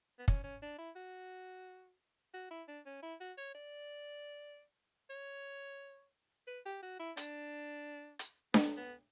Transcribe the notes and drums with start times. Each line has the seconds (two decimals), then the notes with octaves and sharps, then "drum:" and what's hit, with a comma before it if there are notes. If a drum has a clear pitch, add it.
0.19 B3
0.28 C#4, drum: kick
0.44 C#4
0.62 D4
0.78 E4
0.96 F#4
2.34 F#4
2.51 E4
2.68 D4
2.86 C#4
3.03 E4
3.20 F#4
3.38 C#5
3.55 D5
5.10 C#5
6.47 B4
6.66 G4
6.83 F#4
7.00 E4
7.17 D4, drum: hi-hat
8.19 drum: hi-hat
8.54 B3, drum: snare D4
8.77 B3